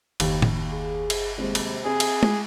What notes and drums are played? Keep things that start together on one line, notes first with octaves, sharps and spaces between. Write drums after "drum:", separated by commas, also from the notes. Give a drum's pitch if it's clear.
F#1 D#2 G4, drum: cymbal
drum: tom
G#4
drum: cymbal
D#1 C3 G#3 C4
drum: cymbal
C4 G#4
drum: cymbal
drum: tom G#3